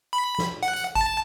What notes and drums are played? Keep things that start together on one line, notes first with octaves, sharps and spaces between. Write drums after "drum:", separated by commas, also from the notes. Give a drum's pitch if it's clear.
B5
drum: snare
F#5
drum: tambourine
A5, drum: kick G#1